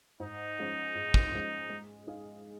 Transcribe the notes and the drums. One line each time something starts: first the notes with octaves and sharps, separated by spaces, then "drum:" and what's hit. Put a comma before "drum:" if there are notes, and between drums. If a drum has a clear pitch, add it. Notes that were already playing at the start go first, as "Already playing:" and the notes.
G#2 D#4
F3 G#3 C#4
G#2
drum: kick
F3 G#3 C#4
G#3
D#4 G#4 F5